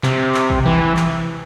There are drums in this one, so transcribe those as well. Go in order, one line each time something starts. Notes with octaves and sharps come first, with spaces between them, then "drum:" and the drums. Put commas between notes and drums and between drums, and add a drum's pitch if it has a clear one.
C3, drum: clap
drum: clap
drum: kick
E3
drum: clap